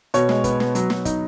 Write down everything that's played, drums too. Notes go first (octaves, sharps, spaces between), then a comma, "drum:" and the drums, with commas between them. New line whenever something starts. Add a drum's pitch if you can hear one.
B2 C#5, drum: hi-hat
G#3, drum: snare
B3, drum: kick, hi-hat
B3, drum: snare
F#3, drum: hi-hat
F#3, drum: snare
D#4, drum: kick, hi-hat